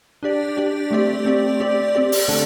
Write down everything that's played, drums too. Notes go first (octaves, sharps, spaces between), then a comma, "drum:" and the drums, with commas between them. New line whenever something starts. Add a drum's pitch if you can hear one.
D4 G4 D5
D4 G4 D5
A3 C4 G4 D5
A3 C4 G4 D5
C4 G4 D5
C4 G4 D5
drum: open hi-hat
D3 A3 D4 A4 D5